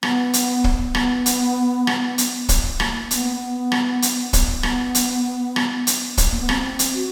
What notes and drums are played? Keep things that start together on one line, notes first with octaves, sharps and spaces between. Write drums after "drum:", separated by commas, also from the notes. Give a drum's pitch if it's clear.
B3, drum: rim click
drum: hi-hat
drum: kick
B3, drum: rim click
drum: hi-hat
drum: rim click
drum: hi-hat
drum: kick, hi-hat
A#3, drum: rim click
B3, drum: hi-hat
B3
drum: rim click
drum: hi-hat
drum: kick, hi-hat
B3, drum: rim click
drum: hi-hat
drum: rim click
drum: hi-hat
drum: kick, hi-hat
A#3
B3
C4, drum: rim click
drum: hi-hat
F#4